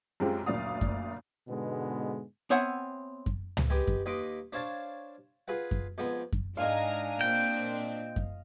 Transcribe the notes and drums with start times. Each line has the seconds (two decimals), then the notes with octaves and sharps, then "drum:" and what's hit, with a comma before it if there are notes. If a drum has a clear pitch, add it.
0.20 F#2 G#3 C4 F4 G4
0.46 F#1 D2 A#2 D5 F5 D#6
0.81 drum: kick F#2
1.48 G#2 B2 D3 G#3 B3
2.50 B3 C4 C#5 E5 F#5 G#5
3.26 drum: kick F#2
3.57 drum: tom C#2
3.70 G#3 B3 G4
3.87 drum: kick F#2
4.06 D#2 B4 D#5 C6 D6
4.53 D4 C5 C#5 F5 A5
5.48 F4 G#4 B4 F#5
5.71 drum: kick F#2
5.98 F2 G#3 B3
6.32 drum: kick F#2
6.57 G#2 D4 D#5 F5 G#5 A#5
7.21 A#2 C4 G5
8.16 drum: kick F#2